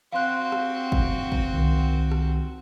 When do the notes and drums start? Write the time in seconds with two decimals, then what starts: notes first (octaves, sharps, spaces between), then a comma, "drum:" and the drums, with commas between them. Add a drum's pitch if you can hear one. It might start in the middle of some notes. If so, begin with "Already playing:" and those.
0.12 C4 F#4 F5 C6 F#6
0.52 drum: rim click
0.92 drum: kick
1.32 drum: kick
1.54 C2 D#3
2.11 drum: rim click